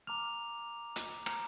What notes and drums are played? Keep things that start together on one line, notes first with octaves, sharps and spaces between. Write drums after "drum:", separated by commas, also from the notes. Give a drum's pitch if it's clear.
A#5 D6 F6 F7
drum: hi-hat
A#5 F6, drum: rim click